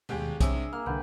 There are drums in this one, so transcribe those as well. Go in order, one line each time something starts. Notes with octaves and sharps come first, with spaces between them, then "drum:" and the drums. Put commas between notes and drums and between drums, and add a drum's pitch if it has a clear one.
G1 D#2 B2 G#3 G4
G2 C3 G#4 C#5 E5, drum: kick, hi-hat
D4
A#3 F6
C2 D3 B4 F#5 G5